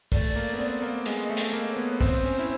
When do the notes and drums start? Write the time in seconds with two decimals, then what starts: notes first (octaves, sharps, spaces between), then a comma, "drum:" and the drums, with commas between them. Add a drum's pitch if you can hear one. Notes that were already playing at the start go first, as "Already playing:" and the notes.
0.12 A3 D5, drum: kick, open hi-hat
0.36 A#3
0.53 B3
0.59 C4
0.82 A#3
1.06 G#3 D#5, drum: hi-hat
1.28 A3 E5
1.37 D#5, drum: hi-hat
1.53 A#3
1.70 C#5
1.76 B3
2.01 C4 C5, drum: kick, open hi-hat
2.24 C#4
2.39 E4